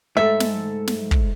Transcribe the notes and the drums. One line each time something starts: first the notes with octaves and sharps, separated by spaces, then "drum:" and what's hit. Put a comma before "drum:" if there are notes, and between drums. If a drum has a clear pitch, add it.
G#2 A3 A4 E5
drum: snare
drum: snare
drum: kick